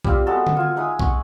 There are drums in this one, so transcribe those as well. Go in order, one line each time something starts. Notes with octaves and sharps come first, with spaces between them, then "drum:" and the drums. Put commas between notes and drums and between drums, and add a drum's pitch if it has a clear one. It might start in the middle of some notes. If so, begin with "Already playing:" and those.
G3 C4 F4 G4, drum: kick B1
G#3 B3 F#4 A4
drum: tom D3
F4 G#5
G#3 D#4 E5 D#6
F#5 C#6, drum: kick B1